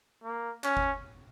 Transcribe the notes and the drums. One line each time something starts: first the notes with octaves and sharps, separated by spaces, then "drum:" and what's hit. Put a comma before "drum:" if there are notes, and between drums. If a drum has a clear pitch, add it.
A#3
C#4, drum: clap
drum: kick F#1